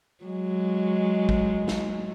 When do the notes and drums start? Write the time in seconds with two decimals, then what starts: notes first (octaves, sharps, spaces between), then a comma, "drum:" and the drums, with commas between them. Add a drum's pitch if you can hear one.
0.24 F#3 G#3
1.29 drum: kick
1.68 drum: snare